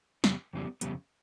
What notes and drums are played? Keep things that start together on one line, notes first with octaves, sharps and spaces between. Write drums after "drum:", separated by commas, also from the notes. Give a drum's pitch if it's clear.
F2 C#3 G3 B3, drum: snare
F2 C#3 E3 G3 B3
F2 C#3 G3 B3, drum: hi-hat